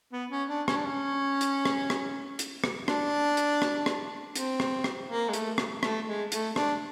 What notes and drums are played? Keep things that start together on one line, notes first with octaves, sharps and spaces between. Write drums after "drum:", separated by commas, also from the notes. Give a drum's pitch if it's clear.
B3
C#4
D4
C#4, drum: rim click
D4
C#4
drum: hi-hat
drum: rim click
drum: rim click
drum: hi-hat
drum: rim click
D4, drum: rim click
drum: hi-hat
drum: rim click
drum: rim click
C4, drum: hi-hat
drum: rim click
drum: rim click
A#3
G#3
A3, drum: hi-hat
drum: rim click
A3, drum: rim click
G#3
A3, drum: hi-hat
D4, drum: rim click